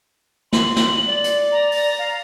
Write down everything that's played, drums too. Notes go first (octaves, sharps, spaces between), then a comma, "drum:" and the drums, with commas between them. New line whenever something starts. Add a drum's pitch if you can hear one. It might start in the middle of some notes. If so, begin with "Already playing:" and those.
C6 F#7, drum: snare
drum: snare
D5
drum: hi-hat
A#5
drum: open hi-hat
F5